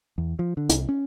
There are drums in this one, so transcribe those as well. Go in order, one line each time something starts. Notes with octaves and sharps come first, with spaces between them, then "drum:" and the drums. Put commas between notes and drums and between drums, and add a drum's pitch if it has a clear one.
E2
F3
D3
C2, drum: hi-hat
C#4